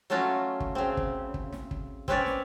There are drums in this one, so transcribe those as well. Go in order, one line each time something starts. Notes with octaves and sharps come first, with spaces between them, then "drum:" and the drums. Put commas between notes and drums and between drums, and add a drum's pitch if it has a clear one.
F#3 A3 C#4 F4 F#4
drum: kick
C#3 C4
drum: kick
drum: kick
drum: snare
drum: kick
C4 C#4 B4 C#5 D5, drum: kick
drum: snare